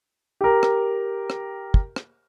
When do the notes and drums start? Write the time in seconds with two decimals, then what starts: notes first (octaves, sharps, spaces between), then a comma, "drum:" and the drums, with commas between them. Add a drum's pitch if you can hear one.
0.41 G4 A#4
0.63 drum: rim click
1.30 drum: rim click
1.74 drum: kick
1.96 drum: rim click